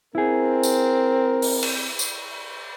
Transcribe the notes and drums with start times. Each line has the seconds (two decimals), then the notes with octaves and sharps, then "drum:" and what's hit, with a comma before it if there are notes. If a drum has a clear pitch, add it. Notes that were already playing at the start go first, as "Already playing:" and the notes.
0.15 C4 E4 G#4 A#4
0.63 drum: tambourine
1.42 drum: open hi-hat
1.63 drum: cymbal
1.99 drum: tambourine